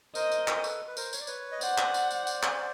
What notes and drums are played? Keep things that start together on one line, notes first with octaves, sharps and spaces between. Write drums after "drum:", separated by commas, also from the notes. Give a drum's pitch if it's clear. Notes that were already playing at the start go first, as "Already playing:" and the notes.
A#4 C5 D#5, drum: tambourine
drum: tambourine
drum: clap
A4 B4, drum: tambourine
B4
A#4 C5, drum: tambourine
C#5, drum: tambourine
D5
B4 C#5, drum: tambourine
D#5
C5 D5 F#5, drum: tambourine
drum: clap
drum: tambourine
drum: tambourine
drum: tambourine
drum: clap